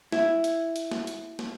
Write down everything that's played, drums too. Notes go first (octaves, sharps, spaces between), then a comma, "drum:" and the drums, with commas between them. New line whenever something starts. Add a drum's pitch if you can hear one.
E4, drum: snare
drum: hi-hat
drum: hi-hat
drum: snare
drum: hi-hat
drum: snare